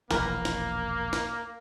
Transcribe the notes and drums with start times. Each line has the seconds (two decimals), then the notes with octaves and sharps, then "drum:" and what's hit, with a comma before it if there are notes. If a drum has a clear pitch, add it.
0.11 E1 A#1 E3 A#3 A#4 B4, drum: snare
0.45 drum: snare
1.13 drum: snare